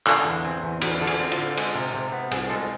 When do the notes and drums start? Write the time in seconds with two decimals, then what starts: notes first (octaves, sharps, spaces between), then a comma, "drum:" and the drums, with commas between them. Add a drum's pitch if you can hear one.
0.07 D3 F5, drum: clap
0.25 E2
0.44 C4 G#5
0.64 E2
0.81 E2 B4, drum: cymbal
1.01 D3 A4
1.07 G#4, drum: cymbal
1.20 C4
1.32 F4, drum: cymbal
1.38 D3
1.57 G#3, drum: cymbal
1.75 C3
1.94 C3
2.12 B3
2.32 C2 G#4, drum: cymbal
2.50 G#3 A4